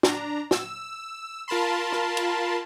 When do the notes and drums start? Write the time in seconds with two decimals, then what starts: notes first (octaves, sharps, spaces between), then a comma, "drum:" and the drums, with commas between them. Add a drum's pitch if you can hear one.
0.03 D4 A#5, drum: snare
0.51 E6, drum: snare
1.48 F4 A#4 A5 B5 C6
1.92 drum: rim click
2.17 drum: cymbal